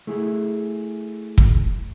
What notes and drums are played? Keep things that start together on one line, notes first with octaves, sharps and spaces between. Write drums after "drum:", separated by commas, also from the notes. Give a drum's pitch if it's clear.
A3 E4 G#4
drum: kick